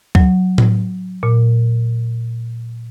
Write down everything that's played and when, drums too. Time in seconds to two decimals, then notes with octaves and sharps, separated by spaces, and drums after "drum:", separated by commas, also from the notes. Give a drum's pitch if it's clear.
0.15 F#3, drum: kick C#2
0.58 drum: tom A2
1.23 A#2